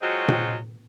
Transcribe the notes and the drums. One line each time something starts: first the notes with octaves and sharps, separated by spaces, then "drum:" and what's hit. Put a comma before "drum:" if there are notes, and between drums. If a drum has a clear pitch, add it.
F#3 G#3 C4 D#4 F4 F#4
drum: tom A#2